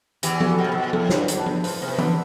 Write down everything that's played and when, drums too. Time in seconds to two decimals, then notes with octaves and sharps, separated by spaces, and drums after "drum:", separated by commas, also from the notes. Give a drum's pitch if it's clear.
0.23 E2 E3 G4, drum: hi-hat
0.40 F#4, drum: tom F3
0.51 A4
0.58 B2 G4
0.64 C3
0.72 B2 F#4
0.93 A2 A4, drum: tom F3
1.09 G2 C5, drum: snare
1.16 B4
1.28 F#2, drum: hi-hat
1.40 A5
1.46 G2, drum: tom F3
1.64 A2 C5, drum: open hi-hat
1.82 C3
1.87 B4
1.98 D3 B4, drum: tom E3